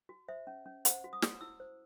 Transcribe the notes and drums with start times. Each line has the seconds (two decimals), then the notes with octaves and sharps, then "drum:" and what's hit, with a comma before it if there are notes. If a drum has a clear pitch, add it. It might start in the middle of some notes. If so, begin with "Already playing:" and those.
0.09 F#4
0.28 C5 E5
0.47 C#4
0.66 C#4
0.85 C5 F#5, drum: hi-hat
1.04 F#4
1.13 D#6
1.22 F#4, drum: snare
1.41 E4 E6
1.60 C5